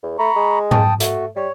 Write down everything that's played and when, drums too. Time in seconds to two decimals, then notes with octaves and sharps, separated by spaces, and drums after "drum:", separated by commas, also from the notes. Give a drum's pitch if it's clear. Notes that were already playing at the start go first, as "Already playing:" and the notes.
0.03 E2
0.19 A3 A#5 B5 C#6
0.36 G#3
0.71 G5 A5 D#6, drum: tom G#2
1.00 A3 F#4, drum: hi-hat
1.36 G3 C#5